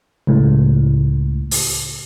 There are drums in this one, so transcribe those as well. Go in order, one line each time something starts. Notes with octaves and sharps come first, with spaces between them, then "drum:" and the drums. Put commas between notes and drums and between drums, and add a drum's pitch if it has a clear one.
C#2 A2
drum: open hi-hat